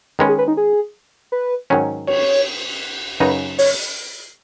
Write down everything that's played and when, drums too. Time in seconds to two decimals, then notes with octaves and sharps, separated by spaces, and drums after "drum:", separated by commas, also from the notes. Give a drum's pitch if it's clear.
0.19 D#3 G#3 C#4 B4
0.29 G#4
0.38 B4
0.48 D#4
0.57 G#4
1.32 B4
1.70 G#2 D#3 F#3 C#4
2.07 C#5, drum: cymbal
3.20 F#2 C#3 F#3 D#4 F#4 B4
3.59 C#5, drum: open hi-hat